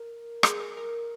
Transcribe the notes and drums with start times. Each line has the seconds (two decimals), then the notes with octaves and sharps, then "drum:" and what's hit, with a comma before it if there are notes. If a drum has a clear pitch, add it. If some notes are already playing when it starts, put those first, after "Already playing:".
Already playing: A#4
0.43 G#4, drum: rim click
0.60 A#4
0.77 A#4